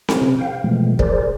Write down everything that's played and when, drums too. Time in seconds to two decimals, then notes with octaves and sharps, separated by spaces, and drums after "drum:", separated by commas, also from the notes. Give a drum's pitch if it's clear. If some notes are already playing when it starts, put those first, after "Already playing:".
0.09 F3 F#3, drum: snare C4
0.21 C3
0.39 F5 G5
0.64 B2 E3 F3 G#3 A3
0.99 G#4 A#4 C5 D5, drum: kick